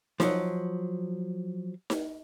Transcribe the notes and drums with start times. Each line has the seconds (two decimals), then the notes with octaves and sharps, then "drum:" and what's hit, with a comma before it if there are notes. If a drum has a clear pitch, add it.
0.20 F3 F#3, drum: snare D#4
1.90 drum: snare D#4